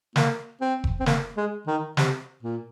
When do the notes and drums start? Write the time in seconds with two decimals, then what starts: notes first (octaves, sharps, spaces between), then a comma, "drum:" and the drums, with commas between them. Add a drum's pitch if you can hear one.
0.16 A#3, drum: snare
0.61 C4
0.84 drum: kick F1
1.00 C4
1.06 A#3, drum: snare
1.37 G#3
1.67 D#3
1.97 C3, drum: snare
2.43 A#2